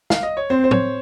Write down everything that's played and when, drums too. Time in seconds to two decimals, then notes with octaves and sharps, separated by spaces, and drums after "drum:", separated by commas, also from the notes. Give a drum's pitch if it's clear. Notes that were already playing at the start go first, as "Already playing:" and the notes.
0.10 F5, drum: snare
0.23 D#5
0.37 C#5
0.50 C4 C5
0.64 C5
0.71 C#5, drum: tom